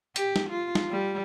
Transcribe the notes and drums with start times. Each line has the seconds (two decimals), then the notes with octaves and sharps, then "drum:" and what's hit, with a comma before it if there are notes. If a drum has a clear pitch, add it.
0.16 G4, drum: hi-hat
0.36 drum: snare
0.50 F4
0.75 drum: snare
0.92 G3